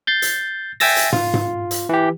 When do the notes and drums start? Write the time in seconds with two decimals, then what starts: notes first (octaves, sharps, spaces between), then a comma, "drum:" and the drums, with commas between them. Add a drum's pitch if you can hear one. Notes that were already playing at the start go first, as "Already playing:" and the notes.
0.07 G6 A6 C7
0.22 drum: hi-hat
0.80 E5 G5 G#5 E6 A6 A#6, drum: open hi-hat
0.96 drum: hi-hat
1.13 F4, drum: tom
1.34 drum: tom
1.71 drum: hi-hat
1.89 E3 G4